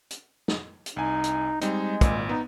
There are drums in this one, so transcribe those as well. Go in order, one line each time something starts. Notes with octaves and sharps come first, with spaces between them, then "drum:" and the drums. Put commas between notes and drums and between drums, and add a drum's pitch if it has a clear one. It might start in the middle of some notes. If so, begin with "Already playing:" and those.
drum: hi-hat
drum: snare
drum: hi-hat
C2 D#4 G#5
drum: hi-hat
G3 G#3 C4 D#4, drum: hi-hat
G#1 A#2, drum: kick, hi-hat
B3 D#4